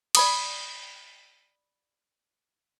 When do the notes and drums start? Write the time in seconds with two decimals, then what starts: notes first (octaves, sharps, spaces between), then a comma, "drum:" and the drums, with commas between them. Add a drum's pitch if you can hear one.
0.15 D5 B5 D#6, drum: cymbal